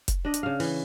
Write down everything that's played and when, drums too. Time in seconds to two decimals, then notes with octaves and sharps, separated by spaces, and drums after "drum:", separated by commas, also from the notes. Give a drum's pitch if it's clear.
0.08 drum: kick, hi-hat
0.25 D4 D#5
0.34 drum: hi-hat
0.43 C#3 F5
0.60 E3, drum: open hi-hat